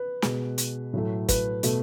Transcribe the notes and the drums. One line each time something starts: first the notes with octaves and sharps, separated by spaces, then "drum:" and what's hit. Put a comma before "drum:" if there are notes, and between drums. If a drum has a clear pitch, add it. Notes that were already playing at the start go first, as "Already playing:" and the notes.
Already playing: B4
B2 G#3, drum: snare
drum: hi-hat
A2 F#3 A3
B4, drum: kick, hi-hat
B2 A3, drum: hi-hat